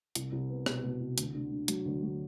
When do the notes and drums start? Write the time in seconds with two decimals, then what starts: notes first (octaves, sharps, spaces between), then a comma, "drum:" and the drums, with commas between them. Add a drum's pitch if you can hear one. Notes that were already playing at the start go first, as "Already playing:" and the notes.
0.15 C2, drum: hi-hat
0.32 C2
0.50 B3
0.66 B2, drum: rim click
0.84 B2
1.00 C2
1.18 D2, drum: hi-hat
1.34 D3
1.51 D3
1.68 F#3, drum: hi-hat
1.85 D2
2.03 F#3